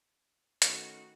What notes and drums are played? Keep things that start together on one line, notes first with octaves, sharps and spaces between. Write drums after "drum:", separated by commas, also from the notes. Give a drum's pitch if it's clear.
D#3 A3 C#4 F#4 B4, drum: hi-hat